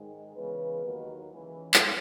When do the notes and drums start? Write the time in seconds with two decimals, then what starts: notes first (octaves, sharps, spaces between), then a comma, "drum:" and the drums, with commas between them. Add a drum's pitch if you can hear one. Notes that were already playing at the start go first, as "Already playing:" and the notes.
Already playing: G#2 D#3 G#3
0.35 E2 C#3 G#3 B4
0.83 D#2 D#3 F#3
1.30 C#2 C#3 E3
1.74 drum: clap